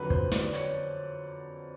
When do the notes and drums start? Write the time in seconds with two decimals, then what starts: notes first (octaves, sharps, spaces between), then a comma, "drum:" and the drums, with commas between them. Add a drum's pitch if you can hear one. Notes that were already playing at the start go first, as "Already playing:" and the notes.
Already playing: F2 D3 F#3 B4
0.10 C5, drum: kick
0.32 D5, drum: snare
0.53 C#5, drum: hi-hat